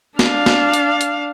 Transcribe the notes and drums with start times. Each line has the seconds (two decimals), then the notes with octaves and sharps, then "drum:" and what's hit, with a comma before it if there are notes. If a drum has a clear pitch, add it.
0.19 D4 F5, drum: snare
0.46 drum: snare
0.74 drum: hi-hat
1.01 drum: hi-hat